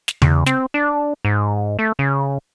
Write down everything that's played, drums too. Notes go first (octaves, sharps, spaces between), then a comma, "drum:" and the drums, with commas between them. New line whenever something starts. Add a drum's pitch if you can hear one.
drum: snare
E2, drum: tom C#3
C4, drum: snare
D4
G#2
A3
C#3